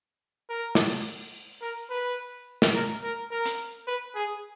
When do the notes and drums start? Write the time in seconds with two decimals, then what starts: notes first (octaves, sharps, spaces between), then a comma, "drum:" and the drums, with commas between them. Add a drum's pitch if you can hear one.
0.49 A#4
0.75 drum: snare
0.89 drum: open hi-hat
1.62 A#4
1.90 B4
2.62 drum: snare
2.75 A#4
3.03 A#4
3.31 A#4
3.46 drum: hi-hat
3.87 B4
4.16 G#4